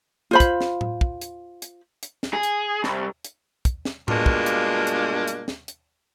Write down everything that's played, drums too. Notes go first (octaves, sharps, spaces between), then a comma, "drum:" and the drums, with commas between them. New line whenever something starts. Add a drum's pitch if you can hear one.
F4 C5 B5
drum: kick, hi-hat
drum: snare
drum: tom A2
drum: kick
drum: hi-hat
drum: hi-hat
drum: hi-hat
drum: snare
G#4
drum: hi-hat
C2, drum: snare
drum: hi-hat
drum: kick, hi-hat
drum: snare
G2 B2 G#3 A#3 D4 F4, drum: tom A2
drum: kick
drum: hi-hat
drum: hi-hat
drum: hi-hat
drum: snare
drum: hi-hat